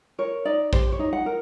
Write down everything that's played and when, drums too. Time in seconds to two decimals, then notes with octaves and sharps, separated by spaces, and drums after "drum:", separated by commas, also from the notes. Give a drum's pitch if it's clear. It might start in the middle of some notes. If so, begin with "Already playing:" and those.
0.19 A#4 C#5
0.45 D#4 D5
0.73 G4 C5, drum: kick A#1
0.92 C#5
0.99 D#4
1.13 F#5
1.26 A#4